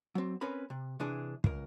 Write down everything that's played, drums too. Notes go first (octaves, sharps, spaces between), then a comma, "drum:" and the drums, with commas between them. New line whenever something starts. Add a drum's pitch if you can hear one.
F#3 C4
C4 C#4 A#4 B4 B5
C3
C3 E3 D4 G#4
C#2 A#4, drum: kick